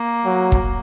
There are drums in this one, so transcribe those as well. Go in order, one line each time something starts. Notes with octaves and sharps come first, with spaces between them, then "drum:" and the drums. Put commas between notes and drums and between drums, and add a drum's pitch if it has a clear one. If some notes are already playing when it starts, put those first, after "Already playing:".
Already playing: A#3
F#3
drum: kick